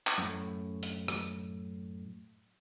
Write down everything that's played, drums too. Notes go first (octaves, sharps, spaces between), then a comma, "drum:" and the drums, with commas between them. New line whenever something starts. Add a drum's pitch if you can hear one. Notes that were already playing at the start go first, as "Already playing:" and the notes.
drum: clap
F#2 A2
drum: hi-hat
drum: rim click